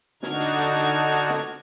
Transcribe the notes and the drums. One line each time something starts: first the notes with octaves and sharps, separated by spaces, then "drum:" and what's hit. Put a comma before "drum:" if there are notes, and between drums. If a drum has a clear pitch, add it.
D3 D4 D#4 F#4 F6 G#6, drum: snare
drum: hi-hat
drum: hi-hat
drum: hi-hat
drum: hi-hat
drum: snare